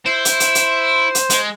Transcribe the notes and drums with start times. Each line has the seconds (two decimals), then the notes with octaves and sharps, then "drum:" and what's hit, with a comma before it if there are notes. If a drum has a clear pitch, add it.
0.06 E4 C5
0.25 drum: hi-hat
0.40 drum: hi-hat
0.55 drum: hi-hat
1.15 drum: hi-hat
1.30 G#3, drum: hi-hat